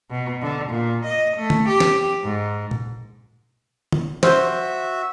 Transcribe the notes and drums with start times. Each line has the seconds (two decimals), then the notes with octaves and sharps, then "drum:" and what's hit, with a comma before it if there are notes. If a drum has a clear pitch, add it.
0.11 B2
0.42 D3
0.70 A#2
1.06 D#5
1.37 A3
1.50 drum: tom
1.69 G4
1.80 drum: snare
2.24 G#2
2.71 drum: tom A#2
3.92 drum: tom
4.23 F#4 C5 E5, drum: snare